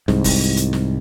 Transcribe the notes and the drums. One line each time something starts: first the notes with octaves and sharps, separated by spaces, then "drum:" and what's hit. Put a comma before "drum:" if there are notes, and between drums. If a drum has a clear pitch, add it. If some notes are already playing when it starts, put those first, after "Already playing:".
C2 G#2, drum: snare
drum: kick, open hi-hat
drum: hi-hat
drum: snare